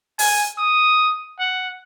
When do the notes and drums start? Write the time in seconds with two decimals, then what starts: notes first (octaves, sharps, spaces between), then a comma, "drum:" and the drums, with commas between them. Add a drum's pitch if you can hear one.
0.19 G#5, drum: open hi-hat
0.58 D#6
1.39 F#5